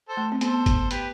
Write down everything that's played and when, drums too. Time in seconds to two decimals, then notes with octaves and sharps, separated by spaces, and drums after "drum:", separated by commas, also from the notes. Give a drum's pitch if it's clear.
0.09 A4 C5
0.17 A3
0.32 C4
0.41 B3 A4 C5, drum: hi-hat
0.66 drum: kick F#1, hi-hat
0.91 G4 B4, drum: hi-hat